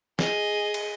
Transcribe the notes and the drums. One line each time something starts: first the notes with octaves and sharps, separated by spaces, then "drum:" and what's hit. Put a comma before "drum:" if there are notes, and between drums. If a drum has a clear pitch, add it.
G#4 D#5, drum: snare
drum: cymbal